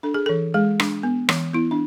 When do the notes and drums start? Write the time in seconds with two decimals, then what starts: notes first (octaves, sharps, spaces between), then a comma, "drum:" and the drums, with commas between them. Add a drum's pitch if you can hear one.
0.03 D4 A4
0.14 G#4
0.26 E3 A4
0.54 G#3 G#4
0.80 D4, drum: rim click
1.03 B3
1.29 E3, drum: rim click
1.54 B3 E4
1.71 D4